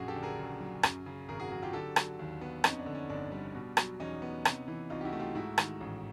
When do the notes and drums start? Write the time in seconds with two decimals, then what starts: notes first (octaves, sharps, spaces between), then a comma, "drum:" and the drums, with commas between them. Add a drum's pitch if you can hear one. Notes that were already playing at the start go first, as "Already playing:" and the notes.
Already playing: A#1 F#2 F#4 G#4
0.08 G4 A4
0.16 D3
0.23 G#4 A#4
0.38 F#1
0.61 F#3
0.83 F#2, drum: rim click
1.06 C#3
1.28 G#1 G#4 A#4
1.40 F#4 G#4
1.51 F#3 F#4 G#4
1.62 F4 G4
1.73 D3 G4 A4
1.96 F#3, drum: rim click
2.19 D#2
2.41 B3
2.64 F2 C#4 D#4, drum: rim click
2.79 D4
2.86 D3
2.95 C#4
3.09 G1 D4
3.32 G3
3.55 B2
3.77 F#3, drum: rim click
4.00 E2 C#4 D#4
4.22 B3
4.45 C3, drum: rim click
4.68 E3
4.90 C2 D#4 F4
5.01 G4
5.05 E4 F#4
5.12 A3
5.19 F4 G4
5.35 G#2 E4 F#4
5.58 D#3, drum: rim click
5.81 A1